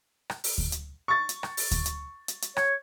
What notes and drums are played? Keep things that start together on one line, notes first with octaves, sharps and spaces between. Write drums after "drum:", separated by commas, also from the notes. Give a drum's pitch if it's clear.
drum: rim click
drum: open hi-hat
drum: kick D2
drum: hi-hat
C#6 A6
drum: hi-hat
drum: rim click
drum: open hi-hat
drum: kick D2, hi-hat
drum: hi-hat
drum: hi-hat
drum: hi-hat
C#5, drum: rim click